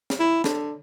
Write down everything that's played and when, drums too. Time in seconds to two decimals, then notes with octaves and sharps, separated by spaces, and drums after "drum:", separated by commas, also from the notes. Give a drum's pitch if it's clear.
0.10 drum: snare
0.20 E4
0.44 D3, drum: snare